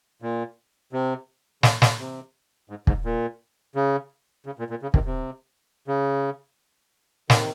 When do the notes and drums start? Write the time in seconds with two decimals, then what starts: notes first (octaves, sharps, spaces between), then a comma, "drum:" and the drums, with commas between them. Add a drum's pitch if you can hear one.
0.22 A#2
0.92 C3
1.63 C#3, drum: snare
1.82 C3, drum: snare
1.99 C3
2.70 G#2
2.87 G#2, drum: kick
3.05 A#2
3.75 C#3
4.46 C#3
4.59 A#2
4.70 A#2
4.82 C#3
4.94 C3 D#3, drum: kick
5.06 C3
5.88 C#3
7.30 C3 D#3, drum: snare